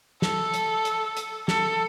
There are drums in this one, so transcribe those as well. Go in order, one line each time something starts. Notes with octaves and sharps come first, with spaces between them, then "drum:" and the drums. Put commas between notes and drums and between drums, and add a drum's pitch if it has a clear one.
A4, drum: snare
drum: hi-hat
drum: hi-hat
drum: hi-hat
A4, drum: snare